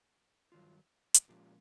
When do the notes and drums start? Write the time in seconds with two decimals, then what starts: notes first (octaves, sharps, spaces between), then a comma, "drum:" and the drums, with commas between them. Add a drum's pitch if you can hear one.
0.52 G2 D#3 F#3 F4
1.14 drum: hi-hat
1.29 A#2 F3 G#3 C#4 F4 G4